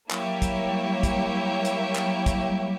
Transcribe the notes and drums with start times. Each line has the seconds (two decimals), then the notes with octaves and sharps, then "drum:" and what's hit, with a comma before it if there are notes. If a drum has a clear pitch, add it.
0.11 F#3 A#3 E4 G4 C#5 E5, drum: clap
0.28 F#3
0.42 drum: kick, hi-hat
0.57 G3
0.69 F#3
0.80 G3
1.03 drum: kick, hi-hat
1.65 drum: hi-hat
1.95 F#3, drum: clap
2.26 drum: kick, hi-hat
2.41 G3